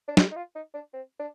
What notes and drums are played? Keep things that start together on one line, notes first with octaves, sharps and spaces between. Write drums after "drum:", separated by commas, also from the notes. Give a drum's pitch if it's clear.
D4
D#4, drum: snare
D#4
F4
D#4
D4
C4
D4